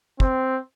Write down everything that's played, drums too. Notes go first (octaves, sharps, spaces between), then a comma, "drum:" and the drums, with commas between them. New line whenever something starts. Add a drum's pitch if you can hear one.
C4, drum: kick